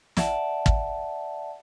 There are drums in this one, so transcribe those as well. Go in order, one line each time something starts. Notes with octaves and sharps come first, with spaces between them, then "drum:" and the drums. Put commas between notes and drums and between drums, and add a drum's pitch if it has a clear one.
D5 E5 F#5 A5, drum: snare
drum: kick